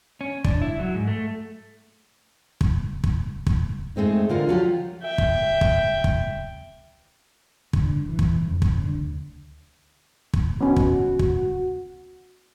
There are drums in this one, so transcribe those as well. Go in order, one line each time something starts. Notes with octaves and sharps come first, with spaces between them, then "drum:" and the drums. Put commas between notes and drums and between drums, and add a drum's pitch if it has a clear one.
C#4
D4, drum: kick
E4
F#3
G#2
A3
drum: kick
drum: kick
drum: kick
G#3 A3 C4 D#4
D3 F4 A#4
F3 F#3 F4 G4
E5 G5
drum: kick
drum: kick
drum: kick
D3, drum: kick
E3
drum: kick
F2
F#1, drum: kick
D3
D2
drum: kick
B3 C#4 F#4
drum: kick
drum: kick